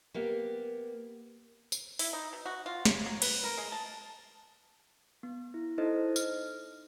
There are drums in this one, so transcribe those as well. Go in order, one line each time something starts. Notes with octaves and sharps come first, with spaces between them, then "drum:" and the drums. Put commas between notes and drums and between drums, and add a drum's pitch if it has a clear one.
A#3 B3 G4
drum: tambourine
E4, drum: open hi-hat
D#4
B2
F#4
F4
C#5, drum: snare
F#3
B4, drum: cymbal
A#4
G#3
A5
B3
E4
D#4 E4 A4 C5 D#5
F6, drum: tambourine